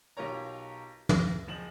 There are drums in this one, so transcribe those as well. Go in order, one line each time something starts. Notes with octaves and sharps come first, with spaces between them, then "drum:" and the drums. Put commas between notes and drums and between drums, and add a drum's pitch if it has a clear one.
B1 F4 G4 A#4 C#5 A#5
A#6, drum: tom
F#1 F3 E7 F#7